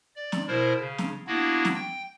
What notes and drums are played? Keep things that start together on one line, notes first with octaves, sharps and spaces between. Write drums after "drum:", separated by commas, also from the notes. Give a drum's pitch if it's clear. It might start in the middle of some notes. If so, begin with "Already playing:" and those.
D5
drum: snare
B2 E4 A#4 C5
C#3
drum: snare
A#3 B3 D4 E4 F#4
drum: snare
G5